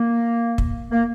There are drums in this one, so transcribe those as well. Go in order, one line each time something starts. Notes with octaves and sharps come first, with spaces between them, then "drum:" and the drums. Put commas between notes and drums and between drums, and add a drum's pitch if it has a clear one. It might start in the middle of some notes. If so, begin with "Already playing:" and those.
Already playing: A#3
drum: kick
A#3